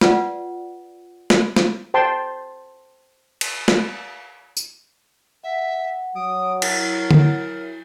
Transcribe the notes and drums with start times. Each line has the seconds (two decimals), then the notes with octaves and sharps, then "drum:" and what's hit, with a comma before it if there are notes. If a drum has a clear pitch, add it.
0.01 F4 B4 D5 F#5, drum: snare
1.30 drum: snare
1.56 drum: snare
1.94 C5 G5 A5 C6
3.41 drum: cymbal
3.68 drum: snare
4.57 drum: tambourine
5.44 E5 F#5
6.15 F#3 D#6 D7
6.62 E4 A#4, drum: cymbal
7.11 drum: tom D3